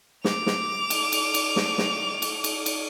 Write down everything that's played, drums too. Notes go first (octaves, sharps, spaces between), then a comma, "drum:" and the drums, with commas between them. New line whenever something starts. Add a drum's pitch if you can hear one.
D6 F7, drum: snare
drum: snare
drum: cymbal
drum: cymbal
drum: cymbal
drum: snare
drum: snare
drum: cymbal
drum: cymbal
drum: cymbal